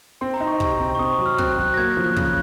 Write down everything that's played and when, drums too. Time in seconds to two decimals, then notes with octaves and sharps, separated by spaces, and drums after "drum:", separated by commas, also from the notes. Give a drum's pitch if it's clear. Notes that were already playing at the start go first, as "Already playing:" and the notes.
0.21 C4 C6
0.34 A#5
0.40 D#4
0.47 C#6
0.60 C3, drum: kick
0.80 C4
0.95 C#6
0.99 C4 D#6
1.13 C#6
1.19 F#3
1.26 F6
1.38 C4 F#6, drum: kick
1.52 F#6
1.58 F#3
1.65 F#6
1.74 A#6
1.77 A#3 G#6
1.91 A#6
1.97 F3
2.04 F#6
2.16 C#3 F#6, drum: kick